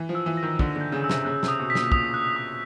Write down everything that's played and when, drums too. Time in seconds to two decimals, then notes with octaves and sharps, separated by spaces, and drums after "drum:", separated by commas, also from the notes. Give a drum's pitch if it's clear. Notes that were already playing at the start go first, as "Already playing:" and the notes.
Already playing: E3
0.09 F3
0.15 E6
0.26 E3
0.37 A#6
0.43 D#3
0.59 D3 E6, drum: kick
0.76 D3
0.81 G6
0.92 C#3
1.04 E6
1.09 C3, drum: snare
1.25 C#3 F#6
1.43 C3, drum: snare
1.48 D#6
1.59 B2
1.70 B6
1.75 A#2, drum: snare
1.92 A#2 D#6, drum: kick
2.14 F#6
2.36 D#6